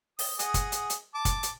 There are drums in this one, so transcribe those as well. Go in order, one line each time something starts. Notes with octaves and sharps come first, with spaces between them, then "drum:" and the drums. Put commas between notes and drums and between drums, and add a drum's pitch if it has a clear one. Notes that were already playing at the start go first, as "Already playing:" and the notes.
D#6, drum: open hi-hat
G#4 D#5 F#5, drum: hi-hat
drum: kick, hi-hat
drum: hi-hat
drum: hi-hat
A5 D6
drum: kick, hi-hat
drum: hi-hat